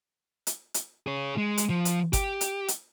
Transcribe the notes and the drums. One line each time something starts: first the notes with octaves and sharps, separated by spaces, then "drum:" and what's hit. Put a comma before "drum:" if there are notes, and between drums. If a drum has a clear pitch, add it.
drum: hi-hat
drum: hi-hat
G#4 C#5
G#3
drum: hi-hat
F3
drum: hi-hat
G4, drum: kick G1, hi-hat
drum: hi-hat
drum: hi-hat